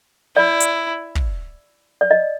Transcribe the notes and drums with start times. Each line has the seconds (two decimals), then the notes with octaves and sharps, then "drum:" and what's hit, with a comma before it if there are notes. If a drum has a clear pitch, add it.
0.36 E4 D5
0.60 drum: hi-hat
1.15 drum: kick
2.01 D5
2.11 D#5